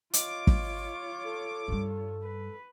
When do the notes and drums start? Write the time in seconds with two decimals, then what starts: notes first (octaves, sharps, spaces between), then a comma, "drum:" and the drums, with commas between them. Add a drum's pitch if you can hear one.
0.14 F4 C#5 D#5 D6, drum: hi-hat
0.47 drum: kick
1.24 A4
1.68 G2 G3
2.23 B4